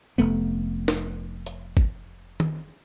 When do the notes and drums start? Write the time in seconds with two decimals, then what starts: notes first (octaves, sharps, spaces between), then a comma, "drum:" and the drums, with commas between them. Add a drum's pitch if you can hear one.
0.18 F1 A3 B3
0.88 drum: snare
1.46 drum: hi-hat
1.77 drum: kick
2.40 drum: tom D#3